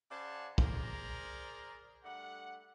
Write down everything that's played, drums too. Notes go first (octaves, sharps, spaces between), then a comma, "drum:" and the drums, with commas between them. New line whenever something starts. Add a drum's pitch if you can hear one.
C#3 C5 D5 F#5 G#5 A5
G#4 A#4 C5 D5 A#5, drum: kick
G3 A3 D4 F#5